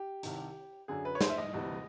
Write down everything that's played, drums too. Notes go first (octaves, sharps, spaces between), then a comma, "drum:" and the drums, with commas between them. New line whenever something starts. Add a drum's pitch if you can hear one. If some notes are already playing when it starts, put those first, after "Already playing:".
Already playing: G4
C2 C3 D#3, drum: hi-hat
F#2 D3 G#4
B4
C#5
C5, drum: snare
E5
D#5
D2 C3 E3